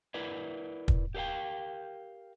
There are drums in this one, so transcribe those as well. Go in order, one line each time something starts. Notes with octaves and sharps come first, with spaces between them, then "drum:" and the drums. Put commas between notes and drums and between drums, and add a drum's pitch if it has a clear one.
E4 A#4 B4 D5
drum: kick
G4 A#4 C5 F5 G5